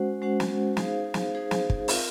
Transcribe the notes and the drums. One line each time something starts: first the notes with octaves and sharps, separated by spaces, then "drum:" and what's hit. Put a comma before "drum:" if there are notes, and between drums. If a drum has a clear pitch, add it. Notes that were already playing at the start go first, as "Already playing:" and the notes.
Already playing: G#3 C#4 F#4 C5 F#5
G#3 C#4 F#4 C5 F#5
drum: snare
D#4 G#4 C5 F5, drum: snare
drum: snare
D#4 G#4 C5 F5
drum: snare
drum: kick
C4 F4 A#4 F5, drum: open hi-hat